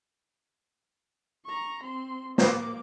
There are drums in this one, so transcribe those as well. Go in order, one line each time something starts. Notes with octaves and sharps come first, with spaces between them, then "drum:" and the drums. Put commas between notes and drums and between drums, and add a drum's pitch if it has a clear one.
A#5 C#6
C4 C6
A#3 D6, drum: snare